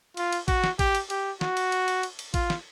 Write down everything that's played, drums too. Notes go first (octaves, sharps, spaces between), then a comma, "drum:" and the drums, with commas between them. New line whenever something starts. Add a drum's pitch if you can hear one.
F4, drum: cymbal
drum: cymbal
F#4, drum: kick, cymbal
drum: snare
G4, drum: kick, cymbal
drum: cymbal
G4, drum: cymbal
F#4, drum: snare
drum: cymbal
drum: cymbal
drum: cymbal
drum: cymbal
drum: cymbal
F4, drum: kick, cymbal
drum: snare